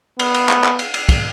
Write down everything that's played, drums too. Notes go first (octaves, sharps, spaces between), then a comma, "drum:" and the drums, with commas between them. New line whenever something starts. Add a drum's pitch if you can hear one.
B3, drum: cymbal
drum: cymbal
drum: clap
drum: clap
drum: cymbal
drum: cymbal
drum: kick, cymbal